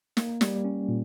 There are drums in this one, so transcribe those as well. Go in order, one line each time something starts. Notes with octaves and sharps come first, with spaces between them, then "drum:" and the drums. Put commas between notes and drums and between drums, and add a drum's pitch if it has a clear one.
A#3, drum: snare
G3, drum: snare
C#4
A#2